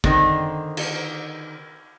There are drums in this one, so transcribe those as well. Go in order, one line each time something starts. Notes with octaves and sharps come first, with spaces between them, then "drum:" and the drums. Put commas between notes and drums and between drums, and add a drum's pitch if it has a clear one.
D3 D#3 C4 D#4, drum: kick
drum: cymbal